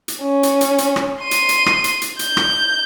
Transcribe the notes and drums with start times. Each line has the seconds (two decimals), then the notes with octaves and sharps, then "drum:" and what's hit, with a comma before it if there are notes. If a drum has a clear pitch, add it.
0.08 drum: hi-hat
0.22 C#4
0.43 drum: hi-hat
0.61 drum: hi-hat
0.78 drum: hi-hat
0.96 drum: rim click
1.22 C6 D#7
1.31 drum: hi-hat
1.49 drum: hi-hat
1.66 drum: rim click
1.84 drum: hi-hat
2.02 drum: hi-hat
2.19 G6, drum: hi-hat
2.37 drum: rim click